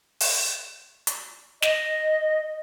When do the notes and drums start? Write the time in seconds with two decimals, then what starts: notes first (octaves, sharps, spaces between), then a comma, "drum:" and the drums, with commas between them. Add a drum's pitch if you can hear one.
0.20 drum: open hi-hat
1.07 drum: hi-hat
1.62 D#5, drum: snare